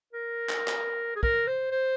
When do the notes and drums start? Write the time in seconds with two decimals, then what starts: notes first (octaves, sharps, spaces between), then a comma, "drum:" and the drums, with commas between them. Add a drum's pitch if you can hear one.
0.13 A#4
0.50 drum: clap
0.68 drum: clap
1.16 G#4
1.23 A#4, drum: kick
1.47 C5
1.71 C5